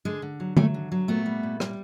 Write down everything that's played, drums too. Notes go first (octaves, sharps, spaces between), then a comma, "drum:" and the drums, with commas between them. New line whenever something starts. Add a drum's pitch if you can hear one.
D3 G#3
D3
F#3
F#3 A3, drum: tom D3
D3
F#3
A#2 A3 B3
G3
A#2
G3, drum: rim click